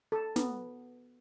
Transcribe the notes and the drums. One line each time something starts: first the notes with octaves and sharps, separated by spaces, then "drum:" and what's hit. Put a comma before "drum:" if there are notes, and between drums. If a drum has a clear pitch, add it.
A4
B3, drum: snare